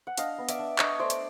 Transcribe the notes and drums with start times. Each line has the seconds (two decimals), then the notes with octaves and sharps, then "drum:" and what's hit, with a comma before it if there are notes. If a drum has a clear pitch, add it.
0.07 F#5
0.18 D4 D#5 F5, drum: hi-hat
0.38 B3
0.49 D5 E5, drum: hi-hat
0.59 D4
0.79 D4 C#5 D#5, drum: clap
0.99 A3 C5 D5
1.10 drum: hi-hat